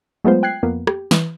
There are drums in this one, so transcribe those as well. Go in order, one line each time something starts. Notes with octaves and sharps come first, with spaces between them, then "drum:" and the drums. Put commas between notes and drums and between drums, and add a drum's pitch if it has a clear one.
F#3 G#3 A3 B3 F4 C5
G5 F#6 G#6 C7
F2 A#3 B3
G4, drum: rim click
E3, drum: snare